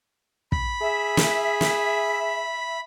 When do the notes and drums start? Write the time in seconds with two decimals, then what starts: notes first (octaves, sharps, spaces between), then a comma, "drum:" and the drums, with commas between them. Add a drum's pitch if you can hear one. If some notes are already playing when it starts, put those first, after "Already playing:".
0.52 B5, drum: kick
0.81 G#4 E5
1.17 drum: snare
1.61 drum: snare